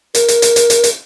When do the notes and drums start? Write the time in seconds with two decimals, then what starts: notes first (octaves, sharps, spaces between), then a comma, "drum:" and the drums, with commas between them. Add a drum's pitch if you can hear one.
0.15 A#4, drum: hi-hat
0.28 drum: hi-hat
0.42 drum: hi-hat
0.56 drum: hi-hat
0.70 drum: hi-hat
0.84 drum: hi-hat